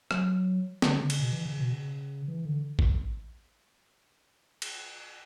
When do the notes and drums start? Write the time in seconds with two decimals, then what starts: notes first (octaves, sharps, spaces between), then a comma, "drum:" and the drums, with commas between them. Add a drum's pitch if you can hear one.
0.11 F#3, drum: rim click
0.82 D3, drum: snare
1.01 D3
1.10 C#3, drum: cymbal
1.19 B2
1.32 E3
1.45 C#3
1.60 B2
1.73 C#3
2.28 E3
2.45 D3
2.79 drum: kick A1
4.62 drum: cymbal